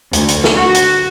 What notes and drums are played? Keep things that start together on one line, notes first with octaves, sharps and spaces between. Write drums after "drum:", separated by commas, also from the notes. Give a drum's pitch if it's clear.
D2, drum: hi-hat
drum: hi-hat
drum: snare
F#4
drum: hi-hat